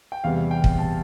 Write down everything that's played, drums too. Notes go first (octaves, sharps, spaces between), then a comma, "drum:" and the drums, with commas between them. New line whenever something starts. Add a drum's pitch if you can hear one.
G5
E2 C3 G3 F5
G5
drum: kick
A5